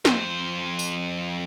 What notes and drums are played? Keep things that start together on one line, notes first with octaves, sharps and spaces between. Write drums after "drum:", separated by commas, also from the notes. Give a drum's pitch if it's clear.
F2 C5, drum: snare
drum: tambourine